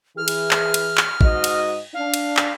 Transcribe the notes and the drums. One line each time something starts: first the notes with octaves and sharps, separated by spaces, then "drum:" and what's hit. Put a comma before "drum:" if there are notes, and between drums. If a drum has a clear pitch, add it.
E3 G#4 F6
drum: cymbal
drum: clap
drum: cymbal
drum: clap
G#2 F#4 D#5, drum: kick
drum: cymbal
D4 F5
drum: cymbal
drum: clap